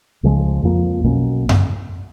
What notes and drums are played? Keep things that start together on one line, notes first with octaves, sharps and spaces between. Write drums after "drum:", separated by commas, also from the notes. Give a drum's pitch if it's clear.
C#2 C#3 F3 G#3
F2 F3 A#3
B1 B2 A#3 C#4
drum: tom F#2